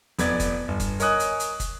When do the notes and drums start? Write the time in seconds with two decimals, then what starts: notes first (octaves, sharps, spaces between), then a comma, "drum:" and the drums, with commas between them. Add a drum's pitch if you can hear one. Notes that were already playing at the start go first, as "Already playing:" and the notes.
0.19 F1 B3 D5 G#6, drum: hi-hat
0.40 drum: kick, hi-hat
0.68 G1
0.80 drum: kick, hi-hat
1.00 A#4 C#5 D#5 G#5 D#6 F#6, drum: hi-hat
1.20 drum: hi-hat
1.40 drum: hi-hat
1.60 drum: kick, hi-hat